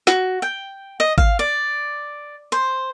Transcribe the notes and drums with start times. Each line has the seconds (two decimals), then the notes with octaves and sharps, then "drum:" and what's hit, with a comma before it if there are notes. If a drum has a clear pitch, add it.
0.07 F#4, drum: snare
0.42 G5
1.00 D#5
1.18 F5, drum: kick G#1
1.39 D5
2.52 C5